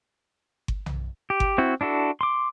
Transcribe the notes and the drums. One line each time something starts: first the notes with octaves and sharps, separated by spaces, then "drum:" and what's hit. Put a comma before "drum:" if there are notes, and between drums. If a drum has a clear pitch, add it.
drum: kick G1
drum: tom B1
G4
drum: kick G1
C4 E4 F#4
D4 E4 F#4 A4
C6 D6